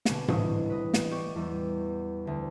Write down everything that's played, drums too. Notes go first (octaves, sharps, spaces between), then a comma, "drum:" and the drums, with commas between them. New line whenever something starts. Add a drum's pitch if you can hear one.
B2 D3 C#4 D5 D7, drum: snare
C2 A2 E3 D4 C#5 D#5, drum: tom G#2
B4 D#5
drum: snare
G4 D5 C#6
E2 G3
D2 D3